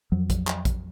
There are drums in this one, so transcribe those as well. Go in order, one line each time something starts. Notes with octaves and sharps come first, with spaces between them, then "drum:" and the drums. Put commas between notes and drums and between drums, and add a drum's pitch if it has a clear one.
F2 F3 F#3
drum: kick A#1, hi-hat
drum: clap
drum: kick A#1, hi-hat